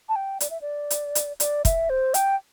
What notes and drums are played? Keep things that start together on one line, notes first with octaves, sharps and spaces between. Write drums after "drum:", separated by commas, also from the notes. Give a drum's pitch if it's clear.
A5
G5
D5, drum: hi-hat
E5
D5
drum: hi-hat
drum: hi-hat
D5, drum: hi-hat
E5, drum: kick, hi-hat
C5
G5, drum: hi-hat